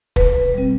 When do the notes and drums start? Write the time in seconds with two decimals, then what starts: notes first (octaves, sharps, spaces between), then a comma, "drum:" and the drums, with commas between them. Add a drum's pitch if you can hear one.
0.16 B2 B4, drum: kick
0.54 G3 C4